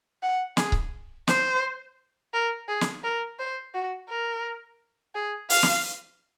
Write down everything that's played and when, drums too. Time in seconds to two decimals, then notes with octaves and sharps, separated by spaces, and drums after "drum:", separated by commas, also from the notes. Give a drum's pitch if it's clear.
0.23 F#5
0.57 G#4, drum: snare
0.72 drum: kick C#1
1.28 C5, drum: snare
2.33 A#4
2.68 G#4
2.81 drum: snare
3.04 A#4
3.39 C5
3.74 F#4
4.09 A#4
5.15 G#4
5.50 F5, drum: open hi-hat
5.63 drum: snare